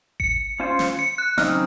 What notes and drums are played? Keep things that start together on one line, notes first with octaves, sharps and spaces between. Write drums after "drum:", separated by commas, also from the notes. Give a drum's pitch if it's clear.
C#7, drum: kick G1
C#4 F4 C5
drum: snare
C#7
F#6
C#3 F#3 C4 D#4 G#4 F6, drum: snare